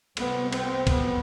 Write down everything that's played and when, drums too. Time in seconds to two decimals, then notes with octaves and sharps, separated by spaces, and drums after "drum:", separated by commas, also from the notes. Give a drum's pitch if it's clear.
0.17 C2 C3 B3, drum: cymbal
0.53 C4, drum: cymbal
0.87 F#2 B3, drum: kick, cymbal